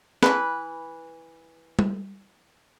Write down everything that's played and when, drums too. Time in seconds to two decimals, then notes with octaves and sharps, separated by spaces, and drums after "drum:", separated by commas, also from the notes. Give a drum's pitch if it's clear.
0.23 E3 B4, drum: snare
1.79 drum: tom G3